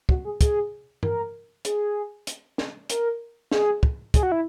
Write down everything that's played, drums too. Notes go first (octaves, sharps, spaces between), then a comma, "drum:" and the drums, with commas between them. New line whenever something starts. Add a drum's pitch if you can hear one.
F#4, drum: kick
G#4
G#4, drum: kick, hi-hat
A#4, drum: tom G2
G#4, drum: hi-hat
drum: hi-hat
drum: snare
A#4, drum: hi-hat
G#4, drum: snare
drum: kick
G#4, drum: kick, hi-hat
F#4
E4